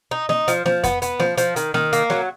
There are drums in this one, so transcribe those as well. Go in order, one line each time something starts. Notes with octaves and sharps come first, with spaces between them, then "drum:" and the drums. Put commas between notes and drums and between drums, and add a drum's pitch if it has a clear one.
D#4
D#4, drum: snare A#3
F3, drum: hi-hat
F3, drum: snare A#3
B3, drum: kick F2, hi-hat
B3, drum: hi-hat
F3, drum: snare A#3
F3, drum: hi-hat
D#3, drum: hi-hat
D#3, drum: snare A#3
A#3, drum: hi-hat
F#3, drum: snare A#3